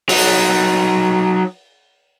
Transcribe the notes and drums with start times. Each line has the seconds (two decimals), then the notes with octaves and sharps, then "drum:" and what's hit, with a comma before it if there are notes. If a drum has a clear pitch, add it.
0.09 F#3 D#4, drum: open hi-hat